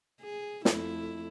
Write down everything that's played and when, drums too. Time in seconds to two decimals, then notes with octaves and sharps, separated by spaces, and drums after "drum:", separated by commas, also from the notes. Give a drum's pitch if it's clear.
0.22 G#4
0.65 F2 A3 E4, drum: snare